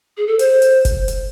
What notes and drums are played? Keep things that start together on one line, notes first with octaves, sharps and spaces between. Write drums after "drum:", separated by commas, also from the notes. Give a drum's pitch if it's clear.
G#4
A4
C5, drum: hi-hat
drum: hi-hat
drum: kick F1, hi-hat
drum: hi-hat